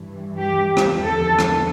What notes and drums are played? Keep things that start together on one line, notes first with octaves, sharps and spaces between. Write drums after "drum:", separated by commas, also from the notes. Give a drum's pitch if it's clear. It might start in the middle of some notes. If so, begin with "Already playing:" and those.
Already playing: G2 E3
G4
drum: rim click
E2 D3 F3 A4
drum: rim click